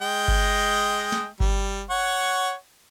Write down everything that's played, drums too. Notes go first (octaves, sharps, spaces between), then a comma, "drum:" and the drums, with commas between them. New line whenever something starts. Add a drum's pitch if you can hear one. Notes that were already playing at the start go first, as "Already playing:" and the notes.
G#3 D#5 G5
drum: kick G1
drum: snare
G3, drum: kick G1
C#5 F#5 C#6